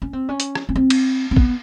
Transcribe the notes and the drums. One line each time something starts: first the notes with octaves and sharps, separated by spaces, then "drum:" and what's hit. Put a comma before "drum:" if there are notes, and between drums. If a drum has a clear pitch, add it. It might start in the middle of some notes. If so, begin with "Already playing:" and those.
C#4
C4
C#4
drum: hi-hat
drum: rim click
C#4
C4
drum: cymbal
C4
B3, drum: kick